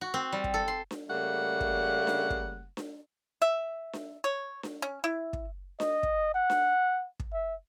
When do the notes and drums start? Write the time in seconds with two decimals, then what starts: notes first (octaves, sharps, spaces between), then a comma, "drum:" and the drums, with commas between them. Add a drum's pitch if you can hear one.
0.01 F#4
0.14 C4
0.33 G3
0.44 drum: kick
0.54 A4
0.68 C6
0.91 drum: snare D4
1.09 C#3 G3 A3 A#3 F#5
1.60 drum: kick
2.07 drum: snare D4
2.30 drum: kick
2.77 drum: snare D4
3.42 E5
3.93 drum: snare D4
4.24 C#5
4.63 drum: snare D4
4.82 C#4
5.04 E4
5.33 drum: kick
5.80 D#5, drum: snare D4
6.03 drum: kick
6.34 F#5
6.50 drum: snare D4
7.20 drum: kick
7.33 E5